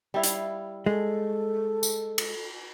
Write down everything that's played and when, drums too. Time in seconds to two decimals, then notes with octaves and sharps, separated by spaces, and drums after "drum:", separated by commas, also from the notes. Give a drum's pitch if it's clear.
0.14 G3 E4 F5
0.24 drum: hi-hat
0.86 G#3 A4
1.83 drum: tambourine
2.18 drum: cymbal